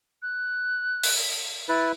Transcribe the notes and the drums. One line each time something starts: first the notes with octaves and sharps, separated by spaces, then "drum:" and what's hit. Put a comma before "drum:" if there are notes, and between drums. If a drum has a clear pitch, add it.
F#6
drum: open hi-hat
E4 B4 A6